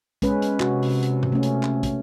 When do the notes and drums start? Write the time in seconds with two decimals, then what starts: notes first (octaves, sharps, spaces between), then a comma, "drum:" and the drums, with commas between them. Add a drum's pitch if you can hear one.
0.22 G#3 C#4 B4, drum: kick, hi-hat
0.42 drum: hi-hat
0.60 C3 F#4, drum: clap
0.83 drum: open hi-hat
1.03 drum: hi-hat
1.23 drum: tom G2
1.32 A3 C#4
1.43 drum: hi-hat
1.63 drum: clap
1.83 drum: kick, hi-hat